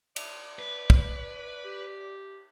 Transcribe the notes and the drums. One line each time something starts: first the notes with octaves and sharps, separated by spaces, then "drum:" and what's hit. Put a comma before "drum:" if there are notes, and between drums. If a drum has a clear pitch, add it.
D5, drum: cymbal
B4
drum: kick
G4